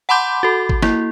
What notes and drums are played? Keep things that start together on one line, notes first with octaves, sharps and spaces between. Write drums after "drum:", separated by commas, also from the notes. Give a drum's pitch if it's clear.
F#5 A5 B5 C6 D6 G6
F#4 A4
drum: kick
A#3 E4, drum: snare